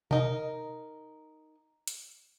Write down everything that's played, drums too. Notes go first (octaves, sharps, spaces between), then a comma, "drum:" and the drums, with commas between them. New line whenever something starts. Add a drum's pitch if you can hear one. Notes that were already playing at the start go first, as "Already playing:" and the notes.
D#4 A#4, drum: tom B2
drum: hi-hat